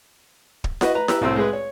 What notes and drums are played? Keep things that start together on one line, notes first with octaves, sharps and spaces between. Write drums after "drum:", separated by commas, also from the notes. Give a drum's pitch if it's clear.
drum: kick
F#4 B4 D#5, drum: snare E4
B4 A#5
G4 B4 A#5 E6, drum: snare E4
C2 A2 C4 E6
G#3 G#4 B4
C#5